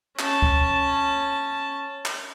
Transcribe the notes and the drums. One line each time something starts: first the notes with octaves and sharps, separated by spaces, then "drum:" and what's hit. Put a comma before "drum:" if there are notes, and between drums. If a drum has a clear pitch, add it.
C#4 A5, drum: clap
drum: kick C#2
drum: clap